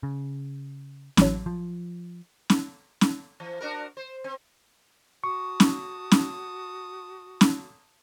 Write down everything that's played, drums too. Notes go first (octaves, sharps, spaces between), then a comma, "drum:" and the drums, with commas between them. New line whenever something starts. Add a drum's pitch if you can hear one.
C#3
A1 F#3, drum: snare
F3
drum: snare
drum: snare
E3
D4 F#4 A#4
C5
C4
F#4 A5 C#6 D#6
drum: snare
drum: snare
drum: snare